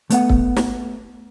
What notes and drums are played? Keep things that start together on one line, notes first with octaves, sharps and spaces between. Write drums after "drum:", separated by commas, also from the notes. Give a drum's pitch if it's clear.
A3 B3 F#5, drum: hi-hat
drum: kick
drum: snare